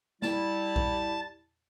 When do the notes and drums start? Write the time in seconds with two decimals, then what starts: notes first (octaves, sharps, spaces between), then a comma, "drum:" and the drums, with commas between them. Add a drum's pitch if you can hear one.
0.22 G3 E4 A5, drum: snare
0.76 drum: kick B1